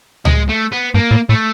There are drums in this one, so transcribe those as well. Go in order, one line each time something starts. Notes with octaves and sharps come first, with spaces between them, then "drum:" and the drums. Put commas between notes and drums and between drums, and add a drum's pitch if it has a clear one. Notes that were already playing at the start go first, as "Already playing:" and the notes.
G#3, drum: tom C#2
A3
B3
G2 A#3
A2
A2 A3